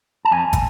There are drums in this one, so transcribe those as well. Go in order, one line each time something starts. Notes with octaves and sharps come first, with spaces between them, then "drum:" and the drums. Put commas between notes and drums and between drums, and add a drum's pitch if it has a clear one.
A5
F2 G#5
drum: kick, hi-hat